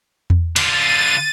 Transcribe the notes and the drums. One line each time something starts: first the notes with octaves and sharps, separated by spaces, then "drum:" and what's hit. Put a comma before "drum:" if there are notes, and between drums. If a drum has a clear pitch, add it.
drum: tom E2
D3 F4 A6 D#7, drum: cymbal